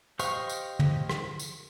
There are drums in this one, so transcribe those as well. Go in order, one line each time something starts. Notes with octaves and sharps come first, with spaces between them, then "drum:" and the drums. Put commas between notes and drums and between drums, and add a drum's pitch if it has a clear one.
G4 C5 D#5 F5 C#6, drum: tambourine
drum: tambourine
drum: tom
drum: rim click
drum: tambourine